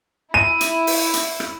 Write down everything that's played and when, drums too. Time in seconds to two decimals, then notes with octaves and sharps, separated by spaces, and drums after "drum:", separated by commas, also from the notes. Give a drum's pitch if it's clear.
0.34 E4 D#7
0.61 drum: hi-hat
0.87 drum: open hi-hat
1.13 drum: hi-hat
1.40 drum: rim click